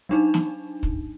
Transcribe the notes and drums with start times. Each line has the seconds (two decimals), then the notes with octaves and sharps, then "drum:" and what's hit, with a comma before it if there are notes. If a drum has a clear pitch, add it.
0.09 F#3 D4 D#4
0.34 drum: snare
0.83 drum: kick